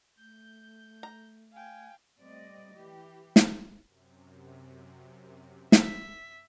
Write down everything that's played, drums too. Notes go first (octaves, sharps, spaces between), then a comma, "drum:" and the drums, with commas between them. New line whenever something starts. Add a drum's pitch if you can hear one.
A3 G6
A#5
F5 G5 G#5
G3 A3 C4 D5 D#5
E3 G4
drum: snare
F#2 C3
E5 B6, drum: snare